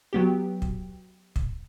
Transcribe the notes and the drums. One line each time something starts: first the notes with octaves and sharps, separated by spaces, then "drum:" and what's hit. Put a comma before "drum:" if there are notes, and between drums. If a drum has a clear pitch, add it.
F#3 B3 G4
drum: kick
drum: kick